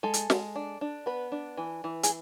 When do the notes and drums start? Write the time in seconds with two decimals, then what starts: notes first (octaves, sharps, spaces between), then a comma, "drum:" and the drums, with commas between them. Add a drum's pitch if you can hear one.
0.03 G#3 A4
0.14 drum: hi-hat
0.30 G#3, drum: snare
0.56 D4
0.81 D4
1.06 B3 B4
1.32 D4
1.57 E3
1.84 E3
2.03 G#4, drum: hi-hat